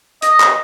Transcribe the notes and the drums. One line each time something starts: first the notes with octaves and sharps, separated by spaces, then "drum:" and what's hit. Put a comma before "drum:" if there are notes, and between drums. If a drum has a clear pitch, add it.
D#5, drum: hi-hat
drum: clap